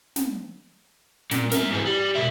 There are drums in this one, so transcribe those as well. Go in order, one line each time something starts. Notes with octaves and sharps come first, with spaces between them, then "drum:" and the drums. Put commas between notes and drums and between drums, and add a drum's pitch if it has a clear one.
drum: snare
A#2, drum: snare
A#4 E5, drum: snare
G#2 E3
G3
B2 E4